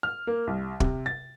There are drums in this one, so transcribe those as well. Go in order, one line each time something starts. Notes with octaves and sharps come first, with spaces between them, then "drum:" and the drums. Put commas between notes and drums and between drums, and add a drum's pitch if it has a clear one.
F6
A#3
C2
C3, drum: kick
A6